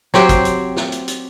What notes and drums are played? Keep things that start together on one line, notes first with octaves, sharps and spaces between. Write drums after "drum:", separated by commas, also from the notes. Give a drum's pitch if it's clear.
F#3 C4 G4 C5, drum: snare
drum: kick, hi-hat
drum: hi-hat
drum: snare
drum: hi-hat
drum: hi-hat